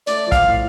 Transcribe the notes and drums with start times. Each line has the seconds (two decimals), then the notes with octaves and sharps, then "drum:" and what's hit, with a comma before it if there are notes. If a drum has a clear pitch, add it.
0.07 A3 D5, drum: hi-hat
0.26 F3
0.32 F5, drum: kick, hi-hat
0.44 A2